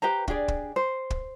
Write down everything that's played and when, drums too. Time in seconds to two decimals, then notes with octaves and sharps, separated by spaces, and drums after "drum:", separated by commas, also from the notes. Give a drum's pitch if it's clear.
0.02 G4 B4 C5 A#5
0.28 D4 G4 G#4 D5, drum: kick
0.48 drum: kick
0.76 C5
1.10 drum: kick